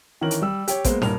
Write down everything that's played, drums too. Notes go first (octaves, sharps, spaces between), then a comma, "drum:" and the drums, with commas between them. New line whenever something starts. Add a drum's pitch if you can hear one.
D#3 E3 C#4 A#4 F#7
drum: hi-hat
G3 E6
G4 C#5, drum: hi-hat
G#3 A#3 B3 C5, drum: kick, hi-hat
D#1 G2 A#4 F7, drum: snare